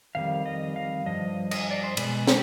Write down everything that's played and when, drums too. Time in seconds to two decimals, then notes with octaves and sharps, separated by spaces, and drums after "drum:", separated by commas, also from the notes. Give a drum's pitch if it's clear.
0.15 F2 D#3 G3 F5
0.46 D#5
0.76 F5
1.06 G2 F3 D#5
1.51 D#5, drum: cymbal
1.70 D5
1.84 C5
1.97 B2 G#3 B4, drum: cymbal
2.27 G4, drum: snare